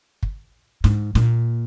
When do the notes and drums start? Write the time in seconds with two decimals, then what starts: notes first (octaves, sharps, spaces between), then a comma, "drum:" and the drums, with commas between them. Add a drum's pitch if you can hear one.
0.23 drum: kick
0.84 G#2, drum: snare
1.15 A#2, drum: snare